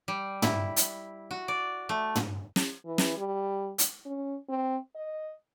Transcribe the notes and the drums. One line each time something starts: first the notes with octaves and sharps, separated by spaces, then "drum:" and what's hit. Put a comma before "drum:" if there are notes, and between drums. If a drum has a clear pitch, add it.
G3
E4, drum: tom
drum: hi-hat
F#4
D5
A3
drum: tom
drum: snare
E3
drum: snare
G3
drum: hi-hat
C#4
C4
D#5